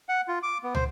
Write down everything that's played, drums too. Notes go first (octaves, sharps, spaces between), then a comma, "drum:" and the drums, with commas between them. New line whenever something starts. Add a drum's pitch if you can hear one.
F#5
F4
D6
B3
C5, drum: tom